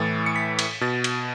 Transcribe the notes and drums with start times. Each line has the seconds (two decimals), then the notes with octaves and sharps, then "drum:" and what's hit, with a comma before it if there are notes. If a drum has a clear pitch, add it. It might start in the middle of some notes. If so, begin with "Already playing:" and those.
Already playing: A2 E3 A6
0.26 C#7
0.36 B6
0.59 drum: cymbal
0.81 B2 A6
1.04 drum: cymbal